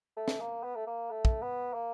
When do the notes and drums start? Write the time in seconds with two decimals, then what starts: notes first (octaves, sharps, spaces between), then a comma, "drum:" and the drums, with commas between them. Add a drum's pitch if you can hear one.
0.17 A3
0.28 drum: snare
0.40 A#3
0.63 B3
0.75 A3
0.87 A#3
1.11 A3
1.25 drum: kick
1.42 B3
1.73 A#3